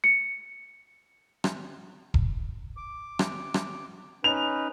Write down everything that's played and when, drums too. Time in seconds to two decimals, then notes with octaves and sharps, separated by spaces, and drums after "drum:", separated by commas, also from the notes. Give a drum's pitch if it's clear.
0.04 C#7
1.44 drum: rim click
2.14 drum: kick E1
2.77 D6
3.19 drum: rim click
3.54 drum: rim click
4.24 C#4 D#4 B4 F7